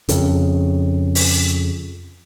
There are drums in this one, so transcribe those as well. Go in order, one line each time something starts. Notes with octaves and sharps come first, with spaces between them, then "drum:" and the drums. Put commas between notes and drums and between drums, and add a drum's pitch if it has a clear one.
F2 C#3, drum: hi-hat
drum: open hi-hat